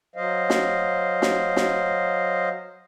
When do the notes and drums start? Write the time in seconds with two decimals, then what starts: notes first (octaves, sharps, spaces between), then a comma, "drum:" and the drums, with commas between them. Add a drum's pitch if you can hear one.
0.16 F#3 C5 D#5 F5
0.50 drum: snare
1.22 drum: snare
1.56 drum: snare